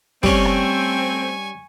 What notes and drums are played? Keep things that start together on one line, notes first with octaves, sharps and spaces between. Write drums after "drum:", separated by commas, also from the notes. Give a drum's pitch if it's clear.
G3 A3 C4 C#4 G#5 C#6, drum: kick
drum: rim click